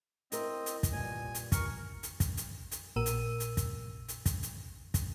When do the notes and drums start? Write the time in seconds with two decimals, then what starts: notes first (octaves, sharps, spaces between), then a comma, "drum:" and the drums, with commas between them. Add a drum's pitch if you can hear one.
0.32 C4 E4 A#4 D#5, drum: hi-hat
0.66 drum: hi-hat
0.83 drum: kick, hi-hat
0.93 G2 A#2 G#5
1.35 drum: hi-hat
1.52 A#4 C#6, drum: kick, hi-hat
2.03 drum: hi-hat
2.20 drum: kick, hi-hat
2.37 drum: hi-hat
2.71 drum: hi-hat
2.96 A#1 A#2 A#4 E6 D#7
3.06 drum: hi-hat
3.40 drum: hi-hat
3.57 drum: kick, hi-hat
4.08 drum: hi-hat
4.26 drum: kick, hi-hat
4.43 drum: hi-hat
4.94 drum: kick, hi-hat